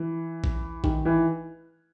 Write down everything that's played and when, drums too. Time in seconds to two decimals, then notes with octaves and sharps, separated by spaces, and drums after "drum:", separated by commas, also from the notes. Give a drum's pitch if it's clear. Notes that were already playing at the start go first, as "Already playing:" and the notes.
Already playing: E3
0.44 drum: kick A#1
0.84 D#3, drum: kick A#1
1.05 E3